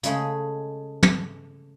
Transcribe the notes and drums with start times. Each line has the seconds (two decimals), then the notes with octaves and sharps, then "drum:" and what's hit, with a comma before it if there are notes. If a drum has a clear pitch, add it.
0.03 C#3 G#3 A3 G#4, drum: hi-hat
1.03 drum: tom